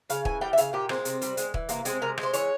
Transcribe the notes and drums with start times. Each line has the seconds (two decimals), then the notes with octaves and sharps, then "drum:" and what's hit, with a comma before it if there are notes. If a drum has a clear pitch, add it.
0.10 C#3 F5, drum: hi-hat
0.25 E3 G#5, drum: kick
0.41 G3 G5
0.53 E5
0.57 C#3 F5, drum: hi-hat
0.73 A#2 G4
0.89 G#3 C4, drum: rim click
1.05 C3, drum: hi-hat
1.22 G3, drum: hi-hat
1.37 G#3, drum: hi-hat
1.54 E3, drum: kick
1.69 C3 A#3, drum: hi-hat
1.85 G#3 C4, drum: hi-hat
2.02 C3 A#4
2.18 G#3, drum: rim click
2.23 C5
2.33 E3 C#5, drum: hi-hat